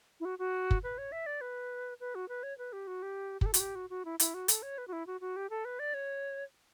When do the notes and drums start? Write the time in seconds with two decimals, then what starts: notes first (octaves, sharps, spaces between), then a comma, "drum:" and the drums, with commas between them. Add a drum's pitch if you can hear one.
0.20 E4
0.25 F#4
0.39 F#4
0.71 drum: kick
0.83 B4
0.98 C#5
1.12 E5
1.26 D5
1.41 B4
2.00 B4
2.15 F#4
2.29 B4
2.43 C#5
2.58 B4
2.73 G4
2.87 F#4
3.02 G4
3.41 G4, drum: kick
3.46 A4
3.54 F#4, drum: hi-hat
3.60 G4
3.75 F#4
3.90 F#4
4.05 E4
4.20 E4, drum: hi-hat
4.34 F#4
4.48 A4, drum: hi-hat
4.63 C#5
4.78 B4
4.88 F#4
4.93 E4
5.07 F#4
5.21 F#4
5.36 G4
5.50 A4
5.65 B4
5.79 D5
5.94 C#5